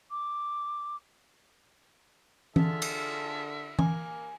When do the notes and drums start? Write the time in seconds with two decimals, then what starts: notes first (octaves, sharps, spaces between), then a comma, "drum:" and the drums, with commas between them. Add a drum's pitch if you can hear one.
0.10 D6
2.56 D3 F4 G#4 A4 E5, drum: tom E3
2.82 drum: cymbal
3.79 A#3 G#5, drum: tom E3